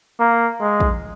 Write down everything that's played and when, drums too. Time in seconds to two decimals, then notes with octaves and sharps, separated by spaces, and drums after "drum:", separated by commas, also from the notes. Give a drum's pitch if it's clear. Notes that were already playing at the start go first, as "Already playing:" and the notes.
0.19 A#3
0.61 G#3
0.80 drum: kick A#1